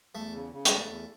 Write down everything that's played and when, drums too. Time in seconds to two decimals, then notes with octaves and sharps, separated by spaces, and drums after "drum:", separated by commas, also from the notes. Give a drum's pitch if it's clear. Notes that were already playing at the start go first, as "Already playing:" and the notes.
0.15 E2 A3
0.34 C#3
0.53 C#3
0.65 G#3, drum: hi-hat
0.70 E2 A3
0.89 E2